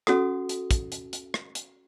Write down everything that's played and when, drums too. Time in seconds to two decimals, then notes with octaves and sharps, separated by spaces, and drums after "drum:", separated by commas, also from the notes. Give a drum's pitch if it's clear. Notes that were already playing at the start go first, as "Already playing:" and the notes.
0.07 C#4 F#4 A4 D#6, drum: rim click
0.49 drum: hi-hat
0.71 drum: kick, hi-hat
0.92 drum: hi-hat
1.13 drum: hi-hat
1.34 drum: rim click
1.55 drum: hi-hat